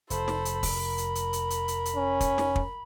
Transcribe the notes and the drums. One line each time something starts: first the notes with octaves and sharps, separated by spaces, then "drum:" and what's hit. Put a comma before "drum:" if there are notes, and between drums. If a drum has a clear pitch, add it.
F1 A4 C5 B5, drum: hi-hat
drum: snare
drum: hi-hat
drum: kick, open hi-hat
A#4
drum: hi-hat
drum: hi-hat
drum: hi-hat
drum: hi-hat
drum: hi-hat
drum: hi-hat
C#4
drum: kick, hi-hat
drum: snare
drum: kick